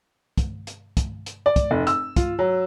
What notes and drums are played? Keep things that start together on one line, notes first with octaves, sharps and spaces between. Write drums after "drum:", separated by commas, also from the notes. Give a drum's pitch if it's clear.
drum: kick, hi-hat
drum: hi-hat
drum: kick, hi-hat
drum: hi-hat
D5
drum: kick, hi-hat
F1
E6, drum: hi-hat
F4, drum: kick, hi-hat
F#3